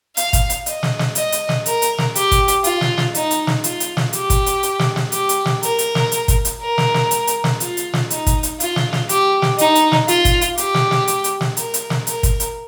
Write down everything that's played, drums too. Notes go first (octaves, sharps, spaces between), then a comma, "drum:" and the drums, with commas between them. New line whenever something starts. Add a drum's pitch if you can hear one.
F5, drum: hi-hat
drum: kick, hi-hat
drum: hi-hat
D#5, drum: hi-hat
drum: snare
drum: snare
D#5, drum: hi-hat
drum: hi-hat
drum: snare
A#4, drum: hi-hat
drum: hi-hat
drum: snare
G4, drum: hi-hat
drum: kick, hi-hat
drum: hi-hat
F4, drum: hi-hat
drum: snare
drum: snare
D#4, drum: hi-hat
drum: hi-hat
drum: snare
F4, drum: hi-hat
drum: hi-hat
drum: snare
G4, drum: hi-hat
drum: kick, hi-hat
drum: hi-hat
drum: hi-hat
drum: snare
drum: snare
G4, drum: hi-hat
drum: hi-hat
drum: snare
A#4, drum: hi-hat
drum: hi-hat
drum: snare
drum: hi-hat
drum: kick, hi-hat
drum: hi-hat
A#4
drum: snare
drum: snare
drum: hi-hat
drum: hi-hat
drum: snare
F4, drum: hi-hat
drum: hi-hat
drum: snare
D#4, drum: hi-hat
drum: kick, hi-hat
drum: hi-hat
F4, drum: hi-hat
drum: snare
drum: snare
G4, drum: hi-hat
drum: snare
D#4, drum: hi-hat
drum: hi-hat
drum: snare
F4, drum: hi-hat
drum: kick, hi-hat
drum: hi-hat
G4, drum: hi-hat
drum: snare
drum: snare
drum: hi-hat
drum: hi-hat
drum: snare
A#4, drum: hi-hat
drum: hi-hat
drum: snare
A#4, drum: hi-hat
drum: kick, hi-hat
drum: hi-hat